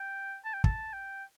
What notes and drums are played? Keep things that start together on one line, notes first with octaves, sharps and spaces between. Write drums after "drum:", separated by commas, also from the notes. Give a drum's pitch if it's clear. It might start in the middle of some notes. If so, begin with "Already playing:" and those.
Already playing: G5
A5
G5
A5, drum: kick
G5